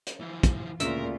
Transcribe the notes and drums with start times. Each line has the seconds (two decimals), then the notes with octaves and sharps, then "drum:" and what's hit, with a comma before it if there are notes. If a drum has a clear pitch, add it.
0.07 drum: hi-hat
0.20 E3 F3
0.43 drum: kick, hi-hat
0.80 D2 A#2 C#3 F4 A#4 E5, drum: hi-hat